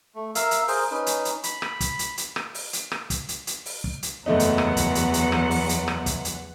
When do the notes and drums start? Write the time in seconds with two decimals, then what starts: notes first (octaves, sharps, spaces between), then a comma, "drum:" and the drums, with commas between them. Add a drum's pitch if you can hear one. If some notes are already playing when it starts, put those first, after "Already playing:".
0.15 A3
0.35 A#4 E5 F5, drum: hi-hat
0.51 drum: hi-hat
0.68 G#4 A#4 C5, drum: open hi-hat
0.91 C#4 D#4 B4
1.06 drum: hi-hat
1.25 drum: hi-hat
1.43 B5, drum: hi-hat
1.62 drum: rim click
1.81 drum: kick, hi-hat
1.99 drum: hi-hat
2.18 drum: hi-hat
2.36 drum: rim click
2.55 drum: open hi-hat
2.73 drum: hi-hat
2.92 drum: rim click
3.10 drum: kick, hi-hat
3.29 drum: hi-hat
3.47 drum: hi-hat
3.66 drum: open hi-hat
3.84 drum: kick
4.03 drum: hi-hat
4.26 F#1 E2 F#3 A3 B3 D#4 F#5
4.40 drum: hi-hat
4.58 drum: rim click
4.77 drum: kick, hi-hat
4.95 drum: hi-hat
5.14 drum: hi-hat
5.32 drum: rim click
5.51 drum: open hi-hat
5.69 drum: hi-hat
5.88 drum: rim click
6.06 drum: kick, hi-hat
6.25 drum: hi-hat